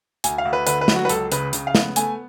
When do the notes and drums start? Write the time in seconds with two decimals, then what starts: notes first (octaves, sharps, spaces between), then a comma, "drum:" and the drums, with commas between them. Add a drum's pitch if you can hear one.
0.24 D2 G#5, drum: hi-hat
0.38 F5
0.45 D2
0.53 B4
0.67 D3 B4, drum: hi-hat
0.81 B4
0.88 F#3, drum: snare
0.96 F#4
1.05 B4
1.09 C#2 A4, drum: hi-hat
1.32 C#3 B4, drum: hi-hat
1.53 C#3, drum: hi-hat
1.67 F5
1.75 B3, drum: snare
1.96 A3 G#5, drum: hi-hat